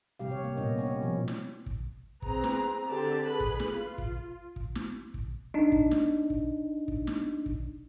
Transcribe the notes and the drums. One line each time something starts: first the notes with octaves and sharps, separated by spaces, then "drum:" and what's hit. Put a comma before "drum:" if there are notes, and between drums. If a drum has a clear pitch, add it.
C3 G3 G4 F5
C#5
A#3
A#2 G3 B3 C#4 D#5
C#4 C#5
B2 F3
drum: snare
drum: kick
C4 G#4 B4 A#5, drum: kick
drum: snare
D3 C4 G4 A5
G#4 B4 B5
drum: kick
drum: snare
F4
drum: kick
drum: kick
drum: snare
drum: kick
D4 D#4
drum: kick
drum: snare
drum: kick
drum: kick
drum: snare
drum: kick